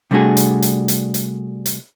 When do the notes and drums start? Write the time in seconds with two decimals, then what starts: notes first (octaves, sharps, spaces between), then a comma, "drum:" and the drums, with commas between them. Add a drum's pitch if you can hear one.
0.11 C3 G3 A3 D4 F#4 G#4
0.37 drum: hi-hat
0.62 drum: hi-hat
0.88 drum: hi-hat
1.14 drum: hi-hat
1.66 drum: hi-hat